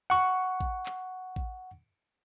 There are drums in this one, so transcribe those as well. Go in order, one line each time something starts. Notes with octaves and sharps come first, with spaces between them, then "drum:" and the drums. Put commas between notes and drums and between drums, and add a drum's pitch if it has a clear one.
F#5 C#6
drum: kick A1
drum: clap
drum: kick A1